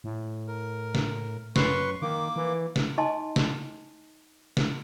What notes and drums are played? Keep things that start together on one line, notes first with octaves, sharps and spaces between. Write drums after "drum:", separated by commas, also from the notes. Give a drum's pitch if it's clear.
A2
A#4
drum: snare
F#2 B4 C6 C#6, drum: snare
D#3 A#3 D6
E3
drum: snare
D#4 D#5 G#5 A5 C6
drum: snare
drum: snare